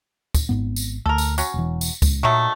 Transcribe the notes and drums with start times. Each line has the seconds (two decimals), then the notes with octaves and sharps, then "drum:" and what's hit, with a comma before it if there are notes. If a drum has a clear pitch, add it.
0.35 drum: kick, tambourine
0.49 G#1 G#2 B3
0.76 drum: tambourine
1.06 D2 A4 A#4
1.18 drum: tambourine
1.38 F#3 C#4, drum: tambourine
1.54 E1 E3
1.81 drum: tambourine
2.02 C#2, drum: kick, tambourine
2.23 A#2 D#3 F#3 A3